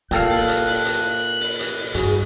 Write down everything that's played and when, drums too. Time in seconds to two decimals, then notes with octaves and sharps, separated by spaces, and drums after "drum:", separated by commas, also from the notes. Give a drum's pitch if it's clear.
0.11 A#2 A#3 A4 F5 G5 F#6, drum: hi-hat
0.30 drum: open hi-hat
0.48 drum: hi-hat
0.67 drum: open hi-hat
0.85 drum: hi-hat
1.41 drum: open hi-hat
1.59 drum: hi-hat
1.78 drum: open hi-hat
1.94 G2 F#4 G#4, drum: hi-hat